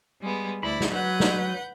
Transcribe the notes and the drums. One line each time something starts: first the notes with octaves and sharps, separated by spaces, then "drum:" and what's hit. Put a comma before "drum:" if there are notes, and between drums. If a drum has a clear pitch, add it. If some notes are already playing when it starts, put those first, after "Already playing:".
G3 G#3 B3
D2 E4 D5 B5
drum: snare
F#3 B4 F#5 G6
drum: snare